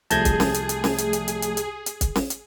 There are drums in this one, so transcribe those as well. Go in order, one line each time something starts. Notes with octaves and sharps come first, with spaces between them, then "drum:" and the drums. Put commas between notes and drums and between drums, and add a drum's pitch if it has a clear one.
C2 F3 A3 G#4 A5 G6 G#6 A#6, drum: hi-hat
drum: kick, hi-hat
drum: snare C#4
drum: hi-hat
drum: hi-hat
drum: snare C#4
drum: hi-hat
drum: hi-hat
drum: hi-hat
drum: hi-hat
drum: hi-hat
drum: hi-hat
drum: kick, hi-hat
drum: snare C#4
drum: hi-hat